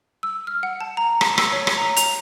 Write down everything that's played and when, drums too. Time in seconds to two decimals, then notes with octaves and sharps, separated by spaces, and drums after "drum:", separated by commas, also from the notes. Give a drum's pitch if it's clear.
0.23 E6
0.47 F6
0.63 F#5
0.81 A5
0.97 A#5
1.21 A5, drum: rim click
1.38 E6, drum: rim click
1.52 C#5
1.67 drum: rim click
1.77 A#5
1.97 F7, drum: hi-hat